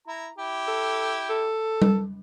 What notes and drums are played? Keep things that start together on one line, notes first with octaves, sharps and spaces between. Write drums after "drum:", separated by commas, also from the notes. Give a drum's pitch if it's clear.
E4 A#5
E4 G4
A4
A4
drum: tom G3